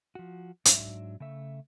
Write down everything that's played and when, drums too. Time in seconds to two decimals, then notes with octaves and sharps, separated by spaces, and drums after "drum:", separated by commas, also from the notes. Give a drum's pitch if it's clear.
0.15 F3 F#4
0.65 G#2 F#3 D4 E5, drum: hi-hat
1.20 C#3 A3 E5